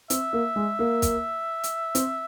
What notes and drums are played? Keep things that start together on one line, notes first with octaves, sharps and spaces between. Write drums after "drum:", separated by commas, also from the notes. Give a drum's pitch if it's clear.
C4 E5, drum: hi-hat
A#3
G#3
A#3
drum: kick, hi-hat
drum: hi-hat
C4, drum: hi-hat